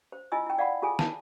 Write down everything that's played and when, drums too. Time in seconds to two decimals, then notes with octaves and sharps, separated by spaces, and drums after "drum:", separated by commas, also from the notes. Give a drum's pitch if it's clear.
0.12 C5
0.32 E4 F4 D#5 G#5 E6
0.46 E4 G5
0.58 D5 F5 F#5 B5
0.82 F4 G#4 A4 G#5
0.99 A5, drum: snare